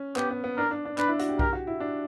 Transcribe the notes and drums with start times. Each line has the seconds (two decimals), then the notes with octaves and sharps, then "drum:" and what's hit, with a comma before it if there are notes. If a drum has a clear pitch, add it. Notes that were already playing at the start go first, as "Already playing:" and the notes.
Already playing: C#4
0.16 B3 G4, drum: clap
0.31 B3
0.44 B3
0.57 D4 A#4
0.71 D4
0.85 D4
0.98 D4 B4, drum: clap
1.08 E4
1.19 F#4, drum: hi-hat
1.29 G4
1.39 G4 A#4, drum: kick B1
1.53 F#4
1.67 E4
1.80 D4